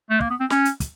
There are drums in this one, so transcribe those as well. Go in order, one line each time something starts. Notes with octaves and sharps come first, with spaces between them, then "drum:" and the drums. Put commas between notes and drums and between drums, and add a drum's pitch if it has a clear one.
A3
A#3, drum: kick
B3
C4
C#4, drum: snare
drum: hi-hat
drum: kick, hi-hat